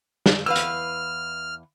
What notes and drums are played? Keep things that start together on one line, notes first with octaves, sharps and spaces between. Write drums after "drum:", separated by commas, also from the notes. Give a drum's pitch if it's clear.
drum: snare
E2 B4 F5 E6 F6
drum: hi-hat